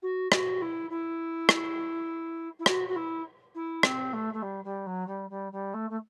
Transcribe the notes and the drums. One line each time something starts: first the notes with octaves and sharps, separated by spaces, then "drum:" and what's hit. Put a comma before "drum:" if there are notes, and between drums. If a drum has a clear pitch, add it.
F#4
F#4, drum: rim click
E4
E4
drum: rim click
E4
F#4, drum: rim click
F#4
E4
E4
C4, drum: rim click
A3
A3
G3
G3
F#3
G3
G3
G3
A3
A3